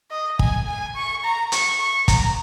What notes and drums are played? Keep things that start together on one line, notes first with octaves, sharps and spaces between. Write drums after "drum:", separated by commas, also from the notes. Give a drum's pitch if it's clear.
D#5
G#5, drum: kick
G#5
C#6
A#5
C#6, drum: hi-hat
C#6
A#5, drum: kick, hi-hat